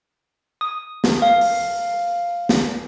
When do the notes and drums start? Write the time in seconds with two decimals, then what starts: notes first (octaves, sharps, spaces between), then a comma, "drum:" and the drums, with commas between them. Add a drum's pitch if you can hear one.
0.61 D#6
1.04 drum: snare
1.22 F5
1.41 drum: open hi-hat
2.49 drum: snare